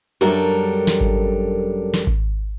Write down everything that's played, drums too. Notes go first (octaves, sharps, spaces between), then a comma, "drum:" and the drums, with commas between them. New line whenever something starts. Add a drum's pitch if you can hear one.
F#2 G3 D4 A4 A#4
drum: snare
drum: kick G#1
drum: snare
drum: kick G#1